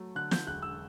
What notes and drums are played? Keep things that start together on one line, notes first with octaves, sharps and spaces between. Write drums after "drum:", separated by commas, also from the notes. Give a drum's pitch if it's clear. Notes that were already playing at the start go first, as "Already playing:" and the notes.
Already playing: F#3 A3
D3 F#6
G6, drum: snare
E1 F#6
E6